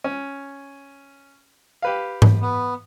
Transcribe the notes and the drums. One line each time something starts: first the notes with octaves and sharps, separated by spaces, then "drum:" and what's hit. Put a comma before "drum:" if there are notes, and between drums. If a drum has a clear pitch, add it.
C#4
G4 B4 F5
drum: tom G#2
B3